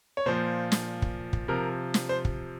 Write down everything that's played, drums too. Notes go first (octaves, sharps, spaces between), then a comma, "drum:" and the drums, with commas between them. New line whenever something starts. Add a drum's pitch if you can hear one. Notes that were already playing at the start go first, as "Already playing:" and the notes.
C#5
A#2 F3 C5
drum: snare
drum: kick
drum: kick
C3 F3 A#4
drum: snare
C5
drum: kick